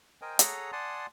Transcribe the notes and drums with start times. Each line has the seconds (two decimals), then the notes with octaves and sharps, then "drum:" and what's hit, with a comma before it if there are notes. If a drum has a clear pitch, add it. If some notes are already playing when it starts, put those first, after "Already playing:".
0.22 A#4 C5 D#5 G5 G#5
0.39 G#4 A4 C#5 F#5 A#5 D#6, drum: hi-hat
0.72 D5 F#5 G#5 A5 C6 D#6